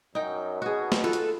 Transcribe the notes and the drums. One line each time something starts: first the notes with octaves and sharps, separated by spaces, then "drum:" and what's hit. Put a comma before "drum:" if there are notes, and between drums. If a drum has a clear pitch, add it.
F#2 D#4 G5
B2 F#4 G#4
drum: snare
F4 A4 B4
drum: hi-hat